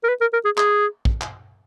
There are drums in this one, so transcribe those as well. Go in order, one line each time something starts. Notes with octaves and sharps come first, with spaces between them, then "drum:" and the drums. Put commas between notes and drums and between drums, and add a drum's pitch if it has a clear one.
A#4
B4
A#4
A#4
G#4
G#4, drum: clap
drum: kick
drum: clap